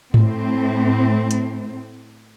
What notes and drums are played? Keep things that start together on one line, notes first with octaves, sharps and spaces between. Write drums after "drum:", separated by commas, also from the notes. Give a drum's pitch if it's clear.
A2 C4, drum: tom G#2
drum: hi-hat